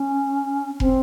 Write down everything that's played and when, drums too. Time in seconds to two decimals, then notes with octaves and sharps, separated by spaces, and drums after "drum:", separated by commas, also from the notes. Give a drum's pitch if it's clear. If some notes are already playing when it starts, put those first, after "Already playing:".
Already playing: C#4
0.80 C4, drum: kick